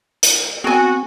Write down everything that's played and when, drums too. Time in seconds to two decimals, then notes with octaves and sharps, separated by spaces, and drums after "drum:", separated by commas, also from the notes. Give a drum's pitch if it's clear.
0.23 drum: hi-hat
0.64 B3 C4 F#4 G#4 G#5